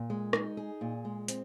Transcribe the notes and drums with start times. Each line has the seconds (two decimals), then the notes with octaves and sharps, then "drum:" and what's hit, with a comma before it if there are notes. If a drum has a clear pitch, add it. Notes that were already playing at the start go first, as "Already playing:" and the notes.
Already playing: A#2
0.10 G#3
0.33 D#4, drum: rim click
0.57 G#4
0.81 A#2
1.05 G#3
1.28 C4, drum: hi-hat